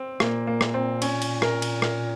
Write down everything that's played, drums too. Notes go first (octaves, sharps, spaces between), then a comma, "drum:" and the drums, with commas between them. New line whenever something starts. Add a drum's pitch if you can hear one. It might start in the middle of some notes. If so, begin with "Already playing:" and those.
Already playing: C4
A#2 A#3, drum: rim click
A#3
drum: rim click
C4
C#4, drum: cymbal
drum: cymbal
A#4, drum: rim click
drum: cymbal
A#4, drum: rim click